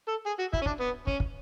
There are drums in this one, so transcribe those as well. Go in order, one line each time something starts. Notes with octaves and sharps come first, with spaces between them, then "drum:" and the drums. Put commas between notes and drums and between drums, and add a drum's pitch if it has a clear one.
A4
G#4
F#4
E4, drum: kick
C#4
D4, drum: kick
B3
C#4, drum: kick
drum: kick